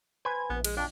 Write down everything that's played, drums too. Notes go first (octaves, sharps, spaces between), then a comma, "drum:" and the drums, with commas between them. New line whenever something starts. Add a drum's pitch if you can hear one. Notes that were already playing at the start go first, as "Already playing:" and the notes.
B4 C5 G#5 G#6
A#1 B3
G#3, drum: cymbal
F2 D4